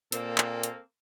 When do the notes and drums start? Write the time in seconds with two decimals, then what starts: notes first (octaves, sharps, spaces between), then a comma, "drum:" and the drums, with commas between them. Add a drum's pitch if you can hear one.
0.12 A#2 A#3 C4 A4, drum: hi-hat
0.38 drum: clap
0.63 drum: hi-hat